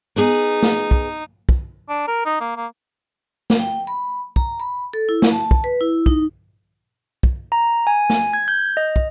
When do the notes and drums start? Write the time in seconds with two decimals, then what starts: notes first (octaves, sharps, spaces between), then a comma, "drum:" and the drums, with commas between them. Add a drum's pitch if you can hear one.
0.16 B3 D#4 G#4
0.62 drum: snare
0.91 drum: kick
1.49 drum: kick
1.89 D4
2.08 A#4
2.26 D#4
2.41 A#3
2.57 A#3
3.50 drum: snare
3.60 G5
3.87 B5
4.36 A#5, drum: kick
4.60 B5
4.93 A4
5.09 E4
5.22 drum: snare
5.32 A5
5.51 drum: kick
5.64 B4
5.81 E4
6.06 D#4, drum: kick
7.23 drum: kick
7.52 A#5
7.87 G#5
8.10 drum: snare
8.33 G#6
8.48 G6
8.77 D#5
8.96 drum: kick